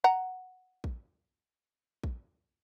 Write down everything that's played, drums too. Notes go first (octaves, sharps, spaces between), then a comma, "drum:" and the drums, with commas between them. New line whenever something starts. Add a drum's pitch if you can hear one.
F#5 A#5
drum: kick A#1
drum: kick A#1